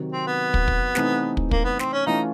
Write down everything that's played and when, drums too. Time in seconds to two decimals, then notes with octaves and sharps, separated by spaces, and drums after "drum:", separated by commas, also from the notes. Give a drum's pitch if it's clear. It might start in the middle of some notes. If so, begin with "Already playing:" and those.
Already playing: C3 D#3 F#3
0.12 C4
0.27 B3
0.54 drum: kick
0.68 drum: kick
0.95 C3 E3 A3 C4 D#4, drum: snare
1.37 drum: kick
1.51 A#3, drum: kick
1.65 B3
1.79 C4, drum: snare
1.93 C#4
2.06 E3 A3 C#4 D#4 F4